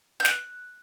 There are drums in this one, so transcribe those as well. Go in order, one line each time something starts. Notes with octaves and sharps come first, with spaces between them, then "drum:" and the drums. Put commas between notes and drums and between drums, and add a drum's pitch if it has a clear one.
G6
F#6, drum: snare